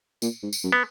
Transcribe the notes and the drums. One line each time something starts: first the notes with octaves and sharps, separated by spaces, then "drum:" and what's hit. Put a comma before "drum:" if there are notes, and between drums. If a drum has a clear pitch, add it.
A#2, drum: tambourine
G#2
drum: tambourine
F#2
B3